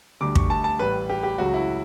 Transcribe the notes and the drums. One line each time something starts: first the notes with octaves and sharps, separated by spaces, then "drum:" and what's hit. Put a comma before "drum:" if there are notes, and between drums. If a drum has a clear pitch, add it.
D2 D3 G3 D6
C#6, drum: kick
A5
A5
A1 A2 G3 B4
G4
G4
C#2 C#3 F#3 F#4
E4